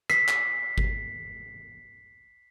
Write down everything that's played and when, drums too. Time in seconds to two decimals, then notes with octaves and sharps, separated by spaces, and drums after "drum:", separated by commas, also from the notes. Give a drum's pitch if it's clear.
0.10 B6 C7, drum: rim click
0.28 drum: clap
0.78 drum: kick G1